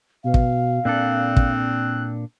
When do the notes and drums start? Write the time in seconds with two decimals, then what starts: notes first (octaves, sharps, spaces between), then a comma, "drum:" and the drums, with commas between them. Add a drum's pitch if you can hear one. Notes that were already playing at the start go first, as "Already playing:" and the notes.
0.24 B2 F5
0.34 drum: kick
0.85 A#2 C4 D4 A4 F#6
1.36 drum: kick